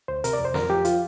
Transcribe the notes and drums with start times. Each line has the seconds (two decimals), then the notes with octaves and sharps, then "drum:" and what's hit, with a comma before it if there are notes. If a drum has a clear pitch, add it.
0.08 D2 C5
0.24 C3 A#4, drum: hi-hat
0.33 D5
0.39 F2
0.45 C5
0.54 F2 A#4, drum: snare
0.70 F3 G4
0.85 F3 F4, drum: hi-hat